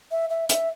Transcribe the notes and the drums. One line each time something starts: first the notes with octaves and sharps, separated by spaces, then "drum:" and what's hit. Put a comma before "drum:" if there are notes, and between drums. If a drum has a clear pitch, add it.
E5
E5
E5, drum: hi-hat